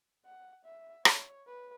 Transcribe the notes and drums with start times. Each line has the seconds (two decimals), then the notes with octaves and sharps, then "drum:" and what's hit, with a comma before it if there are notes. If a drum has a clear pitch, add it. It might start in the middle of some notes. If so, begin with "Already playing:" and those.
0.25 F#5
0.65 E5
1.05 C#5, drum: rim click
1.47 B4